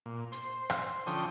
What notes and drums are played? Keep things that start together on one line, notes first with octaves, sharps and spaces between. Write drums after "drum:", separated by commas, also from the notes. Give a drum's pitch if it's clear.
A#2
C5, drum: hi-hat
drum: rim click
D3 F3 C#4 A4 G5 D#6, drum: hi-hat